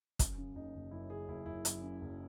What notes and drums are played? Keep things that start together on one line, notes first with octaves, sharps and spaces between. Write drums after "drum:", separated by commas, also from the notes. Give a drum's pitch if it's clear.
F#2, drum: kick, hi-hat
C#3
F#1 D#4
F#1
F#2 E4
C#3 G#4
F#1 E4
F#1 E4
F#2, drum: hi-hat
C#3
F#1